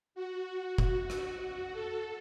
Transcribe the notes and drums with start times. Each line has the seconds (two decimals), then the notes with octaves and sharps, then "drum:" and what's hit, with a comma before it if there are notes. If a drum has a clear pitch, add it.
0.15 F#4
0.78 F#4, drum: kick F1
1.10 drum: rim click
1.42 F#4
1.73 A4